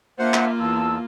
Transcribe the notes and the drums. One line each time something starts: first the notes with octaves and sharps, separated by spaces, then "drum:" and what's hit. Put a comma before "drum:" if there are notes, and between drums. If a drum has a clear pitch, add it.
A#3 D4 F4 C5 E5 F#5
drum: clap
E2 A5 E6